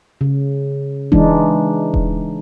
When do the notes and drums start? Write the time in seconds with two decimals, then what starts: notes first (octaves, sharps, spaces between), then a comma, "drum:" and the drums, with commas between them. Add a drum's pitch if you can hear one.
0.21 C#3
1.12 E3 G#3 D4 D#4, drum: kick D#1
1.94 drum: kick D#1